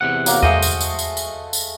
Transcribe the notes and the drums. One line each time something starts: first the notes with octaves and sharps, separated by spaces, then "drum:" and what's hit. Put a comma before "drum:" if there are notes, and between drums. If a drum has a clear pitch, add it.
E2 C3 F#5
F#3 A#3 F5, drum: tambourine
G#3 A3 F#4 C5 D#5, drum: tom E2
drum: tambourine
drum: tambourine
drum: tambourine
drum: tambourine
drum: tambourine